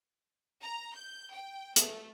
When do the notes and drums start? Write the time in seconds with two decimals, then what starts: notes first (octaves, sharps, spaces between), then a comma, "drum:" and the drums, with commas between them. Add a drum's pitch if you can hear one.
0.62 A#5
0.94 G6
1.32 G5
1.76 A3, drum: hi-hat